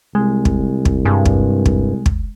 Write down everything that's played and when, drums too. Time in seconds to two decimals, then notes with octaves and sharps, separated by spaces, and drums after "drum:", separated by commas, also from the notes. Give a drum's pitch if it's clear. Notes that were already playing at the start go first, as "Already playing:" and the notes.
0.15 C2 G#3
0.45 drum: kick
0.85 drum: kick
1.05 G2 G#3
1.25 drum: kick
1.66 drum: kick
2.06 drum: kick